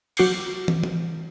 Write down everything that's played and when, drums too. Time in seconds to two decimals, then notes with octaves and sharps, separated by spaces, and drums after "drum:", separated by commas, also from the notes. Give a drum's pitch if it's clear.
0.17 F#3 F#4 D6 G6 C7 C#7, drum: cymbal
0.68 drum: tom
0.84 drum: tom